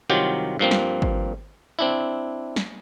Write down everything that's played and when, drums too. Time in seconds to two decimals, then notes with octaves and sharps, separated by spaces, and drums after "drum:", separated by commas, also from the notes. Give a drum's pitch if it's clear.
0.10 C2 D#3 F#3 F4 G4 C5
0.59 G2 F3 A#3 C4
0.71 drum: snare
1.02 drum: kick G#1
1.79 C4 D4 E4
2.56 drum: snare